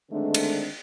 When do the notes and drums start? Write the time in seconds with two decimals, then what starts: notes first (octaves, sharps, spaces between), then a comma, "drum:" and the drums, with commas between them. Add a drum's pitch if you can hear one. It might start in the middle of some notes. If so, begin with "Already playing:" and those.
0.11 D3 D#3 G#3 A3 C4 D4
0.34 drum: cymbal